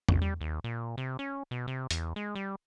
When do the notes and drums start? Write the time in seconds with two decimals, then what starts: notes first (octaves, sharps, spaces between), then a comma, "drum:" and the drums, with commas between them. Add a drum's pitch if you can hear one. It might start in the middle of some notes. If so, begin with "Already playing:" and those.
0.09 A#1, drum: tom E2
0.22 G3
0.41 D#2
0.64 A#2
0.97 C3
1.19 C#4
1.51 B2
1.67 C3
1.91 E2, drum: hi-hat
2.16 G#3
2.35 G3